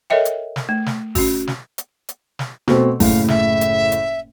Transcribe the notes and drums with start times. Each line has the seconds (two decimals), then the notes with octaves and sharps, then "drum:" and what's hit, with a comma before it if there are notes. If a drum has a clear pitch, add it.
0.10 A4 A#4 C#5 D#5 E5 G5
0.25 drum: hi-hat
0.56 drum: snare
0.69 A3
0.86 drum: snare
1.15 C#4 F#4, drum: kick, open hi-hat
1.47 drum: snare
1.78 drum: hi-hat
2.09 drum: hi-hat
2.39 drum: snare
2.68 B2 A3 C4, drum: snare
3.00 F#1 A2 F5, drum: kick, open hi-hat
3.28 E5, drum: snare
3.61 drum: hi-hat
3.92 drum: hi-hat